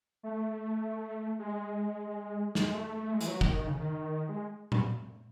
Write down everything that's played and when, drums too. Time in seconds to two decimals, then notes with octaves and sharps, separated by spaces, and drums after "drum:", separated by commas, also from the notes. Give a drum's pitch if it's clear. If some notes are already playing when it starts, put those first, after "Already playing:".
0.23 A3
1.39 G#3
2.55 G#3, drum: snare
2.74 A3
2.94 A3
3.13 G#3
3.21 E3, drum: hi-hat
3.28 F#3
3.41 D#3, drum: kick
3.56 D#3
3.67 C#3
3.77 D#3
4.29 G#3
4.72 drum: tom A#2